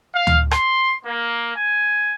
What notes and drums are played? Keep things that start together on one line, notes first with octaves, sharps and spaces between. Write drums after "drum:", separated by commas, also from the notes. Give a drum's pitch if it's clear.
F5
drum: tom D2
C6, drum: rim click
A#3
G#5